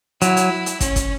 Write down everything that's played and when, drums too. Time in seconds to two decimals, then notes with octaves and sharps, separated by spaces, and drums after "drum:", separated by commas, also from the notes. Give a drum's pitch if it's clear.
0.21 F#3 E4, drum: hi-hat
0.37 drum: hi-hat
0.66 drum: hi-hat
0.80 C#4, drum: kick, hi-hat
0.96 drum: kick, hi-hat